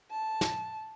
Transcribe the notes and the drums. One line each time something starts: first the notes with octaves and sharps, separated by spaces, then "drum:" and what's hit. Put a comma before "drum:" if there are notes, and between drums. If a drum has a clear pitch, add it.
A5
drum: snare